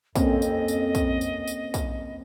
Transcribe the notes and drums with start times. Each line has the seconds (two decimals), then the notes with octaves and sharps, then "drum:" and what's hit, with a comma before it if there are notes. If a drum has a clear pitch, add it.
0.16 F2 A#3 C4 C#4 D#5, drum: kick, tambourine
0.42 drum: tambourine
0.68 drum: tambourine
0.95 drum: kick, tambourine
1.21 drum: tambourine
1.47 drum: tambourine
1.74 drum: kick, tambourine